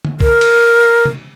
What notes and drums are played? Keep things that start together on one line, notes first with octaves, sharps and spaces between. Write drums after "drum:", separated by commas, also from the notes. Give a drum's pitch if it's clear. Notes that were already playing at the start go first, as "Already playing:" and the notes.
drum: tom D3
A#4, drum: kick C2
drum: cymbal
drum: tom C3